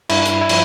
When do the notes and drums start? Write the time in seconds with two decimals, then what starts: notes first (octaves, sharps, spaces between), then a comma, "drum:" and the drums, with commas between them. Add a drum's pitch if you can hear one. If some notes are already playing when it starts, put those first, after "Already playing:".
0.09 G2 E4, drum: cymbal
0.25 drum: hi-hat
0.41 E4
0.49 F3, drum: cymbal